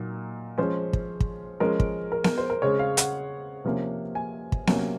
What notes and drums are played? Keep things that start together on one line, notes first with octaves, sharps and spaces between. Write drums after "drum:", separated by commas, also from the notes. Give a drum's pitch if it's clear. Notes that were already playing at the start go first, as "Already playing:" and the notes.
Already playing: A#2 F#3 A#3 D#4
F3 G#3 C#4 C5
drum: kick
drum: kick
F3 G#3 C#4 A#4
drum: kick
A#4
A#4, drum: snare B3
C5
A#4
C#3 G#3 C4 C#5
F5
F#5, drum: hi-hat
C3 F3 A#3 C#4
G#5
drum: kick
C3 F#3 A#3 C#4, drum: snare B3